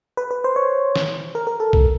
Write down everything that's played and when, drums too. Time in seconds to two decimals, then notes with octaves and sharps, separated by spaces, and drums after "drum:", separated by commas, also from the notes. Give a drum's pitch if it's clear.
0.17 B4
0.31 B4
0.44 C5
0.56 C#5
0.96 drum: snare
1.35 A#4
1.47 A#4
1.60 A4
1.73 drum: kick C2